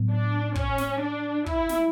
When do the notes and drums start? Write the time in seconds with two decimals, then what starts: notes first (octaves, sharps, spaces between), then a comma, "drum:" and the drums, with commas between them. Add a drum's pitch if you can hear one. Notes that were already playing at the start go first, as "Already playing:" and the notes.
Already playing: A2 F#3 B3
0.10 D4
0.55 C#4, drum: kick
0.78 drum: snare
1.01 D4
1.46 E4, drum: kick
1.69 drum: snare